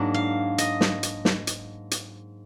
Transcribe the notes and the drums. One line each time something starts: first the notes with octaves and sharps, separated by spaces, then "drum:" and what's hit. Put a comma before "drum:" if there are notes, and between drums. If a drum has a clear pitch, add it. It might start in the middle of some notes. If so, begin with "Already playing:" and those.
Already playing: G#2 F#3 A#3 D4
F5
D#5, drum: hi-hat
drum: snare
drum: hi-hat
drum: snare
drum: hi-hat
drum: hi-hat